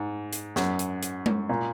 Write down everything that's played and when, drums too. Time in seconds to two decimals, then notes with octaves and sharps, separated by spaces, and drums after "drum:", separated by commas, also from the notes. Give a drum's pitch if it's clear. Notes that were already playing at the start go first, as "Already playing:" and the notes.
Already playing: G#2
0.33 drum: hi-hat
0.56 F#2, drum: snare
0.79 drum: hi-hat
1.03 drum: hi-hat
1.26 drum: tom G#3
1.49 A#2